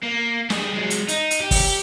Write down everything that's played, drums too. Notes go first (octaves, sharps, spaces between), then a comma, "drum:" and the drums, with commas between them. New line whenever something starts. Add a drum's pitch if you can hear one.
A#3
G3 G#4, drum: snare
F#3 G#3
drum: hi-hat
D#4, drum: hi-hat
drum: hi-hat
G4
drum: kick, open hi-hat